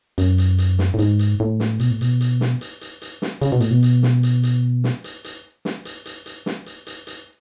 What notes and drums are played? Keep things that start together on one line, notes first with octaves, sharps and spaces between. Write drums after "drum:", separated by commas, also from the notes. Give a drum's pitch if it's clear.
F#2, drum: hi-hat
drum: hi-hat
drum: hi-hat
drum: snare
A2
G#2, drum: hi-hat
drum: hi-hat
A2
drum: snare
B2, drum: hi-hat
A2
B2, drum: hi-hat
drum: hi-hat
drum: snare
drum: hi-hat
drum: hi-hat
drum: hi-hat
drum: snare
C#3, drum: hi-hat
B2
A2, drum: hi-hat
B2
drum: hi-hat
drum: snare
drum: hi-hat
drum: hi-hat
drum: snare
drum: hi-hat
drum: hi-hat
drum: snare
drum: hi-hat
drum: hi-hat
drum: hi-hat
drum: snare
drum: hi-hat
drum: hi-hat
drum: hi-hat